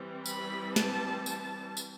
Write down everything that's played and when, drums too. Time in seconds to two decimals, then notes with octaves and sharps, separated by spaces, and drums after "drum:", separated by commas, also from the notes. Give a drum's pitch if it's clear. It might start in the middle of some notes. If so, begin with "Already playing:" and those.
Already playing: E3 G3 C4
0.26 B5, drum: tambourine
0.76 A5, drum: snare
1.26 A5, drum: tambourine
1.77 drum: tambourine